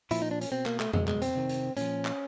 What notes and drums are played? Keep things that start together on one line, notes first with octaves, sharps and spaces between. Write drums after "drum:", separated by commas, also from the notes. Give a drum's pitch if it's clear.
A#2 F3 E4, drum: hi-hat
D#4
D4
C#4, drum: hi-hat
B2 C4
A#3, drum: clap
A3, drum: clap
B2 G#3, drum: tom F2
G#3, drum: clap
C4, drum: hi-hat
C3 D#3
drum: hi-hat
A#2 F3 C#4, drum: hi-hat
drum: clap